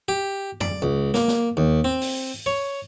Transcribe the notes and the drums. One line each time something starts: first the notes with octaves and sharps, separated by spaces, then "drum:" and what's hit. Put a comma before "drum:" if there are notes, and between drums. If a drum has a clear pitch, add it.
G4
D5, drum: tom F2
C#2
A#3, drum: snare
drum: snare
D#2
C4
drum: open hi-hat
C#5